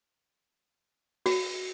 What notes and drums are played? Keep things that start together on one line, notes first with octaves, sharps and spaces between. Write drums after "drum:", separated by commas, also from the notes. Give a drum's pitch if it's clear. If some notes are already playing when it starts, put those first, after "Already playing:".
F#4, drum: open hi-hat